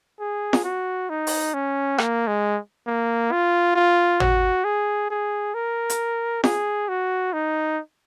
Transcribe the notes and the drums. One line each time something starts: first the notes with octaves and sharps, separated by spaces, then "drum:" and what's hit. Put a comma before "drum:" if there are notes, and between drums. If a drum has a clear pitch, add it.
G#4
drum: snare
F#4
D#4
drum: open hi-hat
C#4
A#3, drum: rim click
G#3
A#3
F4
F4
F#4, drum: tom
G#4
G#4
A#4
drum: hi-hat
G#4, drum: snare
F#4
D#4